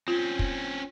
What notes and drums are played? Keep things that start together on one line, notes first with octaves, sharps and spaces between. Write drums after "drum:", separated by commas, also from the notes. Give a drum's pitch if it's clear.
C4 C#4 F4
drum: kick